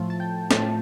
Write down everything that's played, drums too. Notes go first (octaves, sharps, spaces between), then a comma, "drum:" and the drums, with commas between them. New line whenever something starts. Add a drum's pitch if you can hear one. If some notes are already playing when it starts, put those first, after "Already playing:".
Already playing: A2 F3 A3
A5
G5
A2 F3 A3 A5, drum: snare